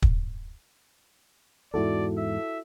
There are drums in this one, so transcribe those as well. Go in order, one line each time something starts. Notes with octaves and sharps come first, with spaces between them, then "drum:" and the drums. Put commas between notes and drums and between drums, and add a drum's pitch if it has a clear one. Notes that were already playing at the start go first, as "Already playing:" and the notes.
drum: kick
E2 G#2 E4 F#4 A4 D5
E5